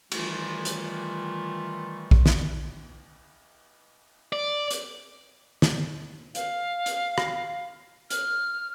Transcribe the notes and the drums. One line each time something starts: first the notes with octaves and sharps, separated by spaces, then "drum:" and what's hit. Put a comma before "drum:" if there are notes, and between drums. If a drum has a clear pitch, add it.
D#3 E3 G3 A3 F4, drum: cymbal
drum: hi-hat
drum: kick A#1
drum: snare
D5
drum: hi-hat
drum: snare
F5, drum: hi-hat
drum: hi-hat
drum: rim click
F6, drum: hi-hat